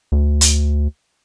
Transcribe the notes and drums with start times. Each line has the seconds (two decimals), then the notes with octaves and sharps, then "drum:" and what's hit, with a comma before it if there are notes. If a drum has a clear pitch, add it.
0.12 D2
0.41 drum: hi-hat